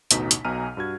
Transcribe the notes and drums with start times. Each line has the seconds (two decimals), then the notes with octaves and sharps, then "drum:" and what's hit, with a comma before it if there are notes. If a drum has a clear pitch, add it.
0.11 A1 D2 B2 D#4 D#5 B6, drum: hi-hat
0.31 drum: hi-hat
0.45 B1 B2 G#5 A#5 F6 D#7
0.77 G2 F#4 G#6